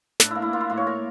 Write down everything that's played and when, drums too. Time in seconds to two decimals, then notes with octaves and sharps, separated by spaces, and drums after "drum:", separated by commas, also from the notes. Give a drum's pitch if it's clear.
0.20 A2 D4, drum: snare
0.31 A#3 E4
0.42 E4
0.53 A#3 F4
0.61 E4
0.70 A2 F4
0.77 C#5
0.87 A#3 A#4